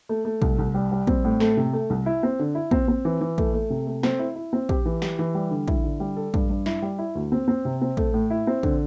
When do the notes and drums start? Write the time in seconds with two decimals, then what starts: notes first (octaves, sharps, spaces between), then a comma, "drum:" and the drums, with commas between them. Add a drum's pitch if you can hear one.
0.09 A3
0.25 A3
0.42 C2, drum: kick
0.59 C2
0.74 G3
0.92 G3
1.07 C4, drum: kick
1.25 A2
1.40 A3, drum: snare
1.57 C3
1.73 A3
1.90 C2
2.06 E4
2.23 C4
2.39 D3
2.55 E4
2.71 C4, drum: kick
2.88 C4
3.05 E3
3.21 E3
3.38 A3, drum: kick
3.54 A3
3.70 C3
3.87 A3
4.03 C4, drum: snare
4.19 E4
4.36 E4
4.53 C4
4.69 G4, drum: kick
4.85 E3
5.02 G4, drum: snare
5.19 E3
5.35 G3
5.51 D3
5.68 E4, drum: kick
5.84 D3
6.00 G3
6.17 A4
6.34 G2, drum: kick
6.49 G2
6.66 E4, drum: snare
6.82 G3
6.98 E4
7.15 D2
7.32 C4
7.48 C4
7.65 C3
7.82 C4
7.97 A3, drum: kick
8.14 A2
8.30 E4
8.47 C4
8.63 D3, drum: kick